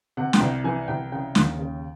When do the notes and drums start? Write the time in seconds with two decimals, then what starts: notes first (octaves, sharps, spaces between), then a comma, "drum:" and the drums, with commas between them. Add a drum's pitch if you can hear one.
0.17 C3 F#5
0.33 G5, drum: snare
0.40 C2
0.64 E3 G#5
0.88 C2 G5
1.12 C#3 G5
1.35 D#2, drum: snare
1.58 C#3